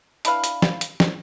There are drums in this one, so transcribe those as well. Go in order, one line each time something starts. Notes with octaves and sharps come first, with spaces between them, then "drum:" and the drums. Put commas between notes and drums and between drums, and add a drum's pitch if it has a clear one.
D4 E4 B4 F5, drum: hi-hat
drum: hi-hat
drum: snare
drum: hi-hat
drum: snare